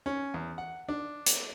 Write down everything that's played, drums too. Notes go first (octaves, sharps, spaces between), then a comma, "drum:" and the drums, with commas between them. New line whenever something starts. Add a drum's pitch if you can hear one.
C#4
E2
F#5
D4
drum: hi-hat